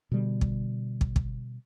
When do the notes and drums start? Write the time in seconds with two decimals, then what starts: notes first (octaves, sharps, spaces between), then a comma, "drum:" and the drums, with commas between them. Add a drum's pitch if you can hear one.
0.12 B2 D3 G3
0.41 drum: kick
1.01 drum: kick
1.16 drum: kick